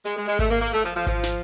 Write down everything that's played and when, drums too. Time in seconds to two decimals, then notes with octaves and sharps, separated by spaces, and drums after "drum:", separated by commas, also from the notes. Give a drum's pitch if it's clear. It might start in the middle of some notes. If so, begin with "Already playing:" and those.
0.05 G#3, drum: hi-hat
0.16 G#3
0.28 G#3
0.39 A3, drum: kick G#1, hi-hat
0.50 A#3
0.61 A#3
0.73 A3
0.84 F3
0.96 F3
1.07 F3, drum: kick G#1, hi-hat
1.23 drum: snare